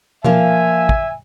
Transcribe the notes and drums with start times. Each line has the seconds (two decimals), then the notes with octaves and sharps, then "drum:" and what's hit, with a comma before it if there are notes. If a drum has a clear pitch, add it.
0.24 F3 A#3 F4 E5 G#5, drum: tom B2
0.89 drum: kick